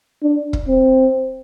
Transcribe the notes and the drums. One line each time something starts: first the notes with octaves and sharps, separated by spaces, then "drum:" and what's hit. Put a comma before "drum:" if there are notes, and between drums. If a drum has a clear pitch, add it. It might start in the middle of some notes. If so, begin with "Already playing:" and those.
D4
drum: kick
C4